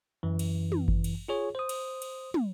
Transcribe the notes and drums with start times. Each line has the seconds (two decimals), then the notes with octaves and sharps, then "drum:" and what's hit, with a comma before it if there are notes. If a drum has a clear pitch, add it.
0.23 F#2 E3
0.39 drum: cymbal
0.72 drum: tom
0.88 drum: kick G1
1.04 drum: cymbal
1.28 F4 G#4 C#5
1.55 C5 D#6
1.69 drum: cymbal
2.02 drum: cymbal
2.34 drum: tom